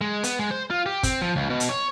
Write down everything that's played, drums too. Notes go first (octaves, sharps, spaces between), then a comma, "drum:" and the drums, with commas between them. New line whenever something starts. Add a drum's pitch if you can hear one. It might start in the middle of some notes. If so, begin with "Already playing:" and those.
G#3
B3, drum: hi-hat
G#3
C5
F4
G4
C4, drum: kick, hi-hat
F3
C#2
B2
drum: hi-hat
C#5